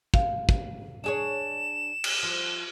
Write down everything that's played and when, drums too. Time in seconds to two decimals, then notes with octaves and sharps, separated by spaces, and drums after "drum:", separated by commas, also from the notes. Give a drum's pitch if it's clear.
0.14 F5, drum: kick
0.49 drum: kick
1.04 D4 G#4 C#5 E7
2.04 drum: cymbal
2.23 F3